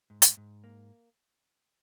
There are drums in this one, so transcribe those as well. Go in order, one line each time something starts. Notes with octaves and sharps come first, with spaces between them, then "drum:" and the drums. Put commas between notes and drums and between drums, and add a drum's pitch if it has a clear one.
G#2
drum: hi-hat
G#2
A#3